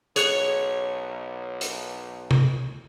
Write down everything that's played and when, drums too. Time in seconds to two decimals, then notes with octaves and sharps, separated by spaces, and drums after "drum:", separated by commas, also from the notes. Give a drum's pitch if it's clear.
0.16 B1 G#4 C#5 F#6 C#7, drum: hi-hat
1.61 drum: hi-hat
2.31 drum: tom